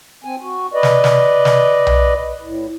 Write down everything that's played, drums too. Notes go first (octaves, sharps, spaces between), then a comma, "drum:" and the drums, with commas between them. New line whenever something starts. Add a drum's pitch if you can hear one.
C4 G#5
F#4
B4 D5 D#5
drum: snare
drum: snare
drum: snare
drum: tom B1
A2